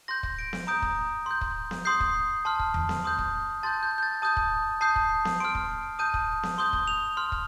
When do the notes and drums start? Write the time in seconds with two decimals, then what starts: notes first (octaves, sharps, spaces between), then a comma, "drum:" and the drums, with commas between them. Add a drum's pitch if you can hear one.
0.08 C6 G6 A#6
0.23 drum: kick
0.39 D7
0.53 drum: snare B3
0.67 A#5 D#6 G6 D7
0.82 drum: kick
1.26 C6 G6
1.41 drum: kick
1.71 drum: snare B3
1.85 C6 D#6 G6 C7
2.00 drum: kick
2.45 A5 C6 F6
2.59 drum: kick
2.74 drum: tom E2
2.89 drum: snare B3
3.04 C6 D#6 G6
3.19 drum: kick
3.63 A5 C6 G6 A6
3.83 G6
3.98 G6
4.03 A6
4.22 A5 D#6 G6
4.37 drum: kick
4.81 A5 D#6 G6 C7
4.96 drum: kick
5.25 drum: snare B3
5.40 C6 F6 D7
5.55 drum: kick
5.99 A5 D#6 G6 D#7
6.14 drum: kick
6.43 drum: snare B3
6.58 C6 D#6 G6 G7
6.73 drum: kick
6.88 F7
7.17 C6 F6
7.32 drum: kick